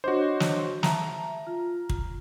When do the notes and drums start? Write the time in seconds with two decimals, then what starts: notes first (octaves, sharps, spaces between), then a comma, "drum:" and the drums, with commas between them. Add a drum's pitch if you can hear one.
0.04 D4 F#4 C5 C#5 D#5
0.40 drum: snare
0.83 E5 A5 A#5, drum: snare
1.47 F4
1.89 drum: kick